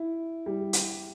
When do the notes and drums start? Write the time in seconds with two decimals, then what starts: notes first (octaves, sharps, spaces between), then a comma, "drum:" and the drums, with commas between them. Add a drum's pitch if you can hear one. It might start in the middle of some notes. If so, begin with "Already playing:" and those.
Already playing: E4
0.46 G3
0.73 drum: hi-hat